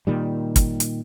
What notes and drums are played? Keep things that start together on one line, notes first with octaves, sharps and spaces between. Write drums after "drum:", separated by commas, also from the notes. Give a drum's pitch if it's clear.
A#2 D#3 G3
drum: kick, hi-hat
drum: hi-hat